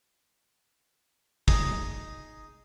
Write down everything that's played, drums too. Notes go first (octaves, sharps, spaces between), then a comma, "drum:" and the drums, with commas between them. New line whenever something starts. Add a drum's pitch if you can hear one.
D#4 G#4 D#5, drum: kick